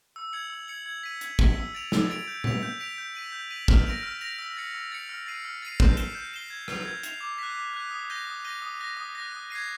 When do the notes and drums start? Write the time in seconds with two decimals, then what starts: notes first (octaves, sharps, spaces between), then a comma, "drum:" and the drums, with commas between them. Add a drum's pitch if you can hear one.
0.16 E6
0.33 G#6 C#7 F#7
0.50 E6
0.68 G#6 C#7 F#7
0.86 G#6
1.03 B6 D#7
1.21 G#6, drum: hi-hat
1.39 B6 D#7, drum: kick
1.56 E6
1.74 A6 D7 F7
1.92 E6, drum: snare
2.10 A6 D7 F7
2.27 G6
2.44 B6 D7 F7, drum: tom A#2
2.63 G6
2.80 B6 D7 F7
2.98 G6
3.15 B6 D#7 F#7
3.32 G6
3.51 B6 D#7 F#7
3.68 F6, drum: kick
3.86 A#6 D7 F7
4.03 F6
4.21 A#6 D7 F7
4.39 E6
4.57 A6 C#7
4.74 E6
4.92 A6 C#7
5.09 F6
5.26 A6 C7 D#7
5.45 F6
5.62 A6 C7 D#7
5.80 G6, drum: kick
5.97 C7 E7 G7, drum: hi-hat
6.15 G6
6.33 C7 E7 G7
6.50 G#6
6.68 C7 F7, drum: rim click
6.86 G#6
7.03 C7 F7, drum: hi-hat
7.21 D6
7.38 F#6 B6
7.56 D6
7.74 F#6 B6
7.91 D#6
8.10 G6 A#6 D#7 G7
8.27 D#6
8.45 G6 A#6 D#7 G7
8.62 D#6
8.80 F#6 A#6
8.97 D#6
9.15 F#6 A#6
9.32 D#6
9.50 G#6 C7 D#7